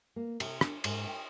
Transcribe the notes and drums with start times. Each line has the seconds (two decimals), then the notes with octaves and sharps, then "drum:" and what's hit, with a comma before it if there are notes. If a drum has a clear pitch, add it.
0.16 A#3
0.40 C3, drum: cymbal
0.61 D4, drum: rim click
0.84 G#2, drum: cymbal
1.07 G5